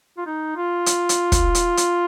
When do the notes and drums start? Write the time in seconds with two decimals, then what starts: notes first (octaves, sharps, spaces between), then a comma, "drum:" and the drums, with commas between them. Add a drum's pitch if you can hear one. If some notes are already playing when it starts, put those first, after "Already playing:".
0.18 F4
0.26 D#4
0.56 F4
0.86 drum: hi-hat
1.09 drum: hi-hat
1.32 drum: kick, hi-hat
1.55 drum: hi-hat
1.77 drum: hi-hat